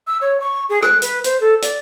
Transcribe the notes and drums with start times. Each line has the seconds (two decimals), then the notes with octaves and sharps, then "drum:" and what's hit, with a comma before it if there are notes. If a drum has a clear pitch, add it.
0.07 E6
0.21 C#5
0.40 C#6
0.69 G#4
0.83 F#6, drum: rim click
1.02 B4, drum: hi-hat
1.24 C5, drum: hi-hat
1.41 A4
1.62 D5, drum: hi-hat